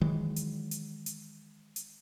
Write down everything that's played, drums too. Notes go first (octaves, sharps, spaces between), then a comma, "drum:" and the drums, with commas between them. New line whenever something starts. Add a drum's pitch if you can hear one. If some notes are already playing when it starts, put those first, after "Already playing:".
D#3 E3 F#3 G#3
drum: hi-hat
drum: hi-hat
drum: hi-hat
drum: hi-hat